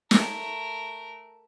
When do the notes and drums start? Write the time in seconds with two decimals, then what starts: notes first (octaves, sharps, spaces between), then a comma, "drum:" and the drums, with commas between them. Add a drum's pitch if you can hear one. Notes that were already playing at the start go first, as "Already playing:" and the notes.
0.11 A3 A#4, drum: snare